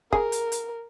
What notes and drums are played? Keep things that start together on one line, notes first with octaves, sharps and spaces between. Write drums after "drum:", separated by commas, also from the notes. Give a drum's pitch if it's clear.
G#4 A#4, drum: kick
drum: hi-hat
drum: hi-hat